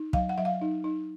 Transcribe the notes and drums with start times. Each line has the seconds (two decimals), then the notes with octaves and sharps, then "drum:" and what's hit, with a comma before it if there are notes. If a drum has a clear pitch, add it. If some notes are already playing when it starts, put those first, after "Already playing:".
Already playing: D#4
0.13 F#3 F5, drum: kick
0.29 F#5
0.38 F#3 E5
0.45 F5
0.61 D#4
0.84 D#4